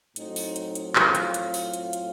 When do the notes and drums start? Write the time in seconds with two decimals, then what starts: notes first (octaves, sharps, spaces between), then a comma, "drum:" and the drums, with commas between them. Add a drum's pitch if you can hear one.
0.16 A2 F#3 C4 D#4, drum: hi-hat
0.36 drum: open hi-hat
0.56 drum: hi-hat
0.75 drum: hi-hat
0.96 F4, drum: clap
1.15 drum: hi-hat
1.34 drum: hi-hat
1.54 drum: open hi-hat
1.74 drum: hi-hat
1.93 drum: hi-hat